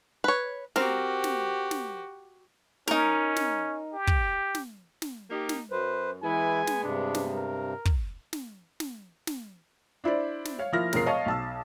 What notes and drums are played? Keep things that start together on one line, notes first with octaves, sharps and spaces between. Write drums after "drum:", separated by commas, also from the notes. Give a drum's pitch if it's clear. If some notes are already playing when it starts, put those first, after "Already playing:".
B4 C#5
C4 F#4 G4 A#4, drum: snare
drum: snare
drum: snare
C#4 D#4 A#4, drum: snare
drum: snare
G4
drum: kick
drum: snare
drum: snare
A#3 D#4 G4
drum: snare
F#2 B4 C5
E3 G#3 B3 E4 G#5
drum: snare
G2 C3 D4
drum: snare
A#4
drum: kick
drum: snare
drum: snare
drum: snare
D4 E4 C5 D5
drum: snare
C#5 F5
F3 A#3 E4 F5 F6 A#6
E1 A#2 A#4 C7, drum: snare
C#5 D#5 F5 A5 C#6
B1 A5 E6